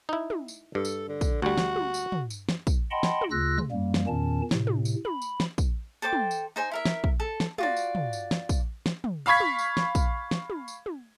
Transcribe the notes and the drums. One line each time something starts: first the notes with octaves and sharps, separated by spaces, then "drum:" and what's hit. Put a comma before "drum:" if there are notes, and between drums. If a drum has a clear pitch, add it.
D#4 E4
drum: tom
drum: tambourine
G2 A4
drum: tambourine
D3
drum: kick, tambourine
D2 G3 F#4
drum: snare
drum: tom
drum: tambourine
drum: tom
drum: tambourine
drum: snare
drum: kick, tambourine
D#5 F#5 G5 A5 B5 C6
drum: snare
drum: tom
D2 C#3 F4 E6 F#6 A#6
drum: tom
F#2 G3 A#3
drum: snare
E2 A#2 D#3 C#4 A5
A2 C3, drum: snare
drum: tom
drum: tambourine
B5, drum: tom
drum: tambourine
drum: snare
drum: kick, tambourine
A4 C5 G5 D6
drum: tom
drum: tambourine
D#4 C5 G#5
E4 A#4 E5
drum: snare
drum: kick
A4
drum: snare
F4 F#4 D5, drum: tom
drum: tambourine
drum: tom
drum: tambourine
drum: snare
drum: kick, tambourine
drum: snare
drum: tom
F5 B5 C#6 G#6 B6
drum: tom
drum: tambourine
drum: snare
drum: kick, tambourine
drum: snare
drum: tom
drum: tambourine
drum: tom